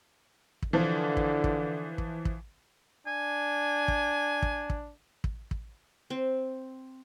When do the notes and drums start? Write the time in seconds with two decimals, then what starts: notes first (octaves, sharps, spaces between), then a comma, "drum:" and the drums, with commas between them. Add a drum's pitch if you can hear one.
0.62 drum: kick
0.73 D3 E3 F3
1.17 drum: kick
1.44 drum: kick
1.98 drum: kick
2.25 drum: kick
3.07 D4 G#5
3.88 drum: kick
4.42 drum: kick
4.70 drum: kick
5.24 drum: kick
5.51 drum: kick
6.10 C4